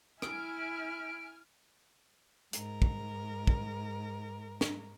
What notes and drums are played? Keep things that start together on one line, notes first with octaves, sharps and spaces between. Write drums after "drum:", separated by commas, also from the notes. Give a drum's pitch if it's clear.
E4 G#5 F6 D7, drum: rim click
G#2 A#4, drum: hi-hat
drum: kick
drum: kick
drum: snare